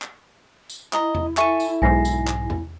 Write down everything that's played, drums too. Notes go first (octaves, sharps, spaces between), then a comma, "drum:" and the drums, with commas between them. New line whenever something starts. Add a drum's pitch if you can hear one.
drum: clap
drum: tambourine
E4 D#5 A#5, drum: clap
drum: tom E2
A4 E5 G#5 C#6 D#7, drum: clap
drum: tambourine
B1 G#2 G#5 A#6 C7
drum: tambourine
drum: clap
drum: tom E2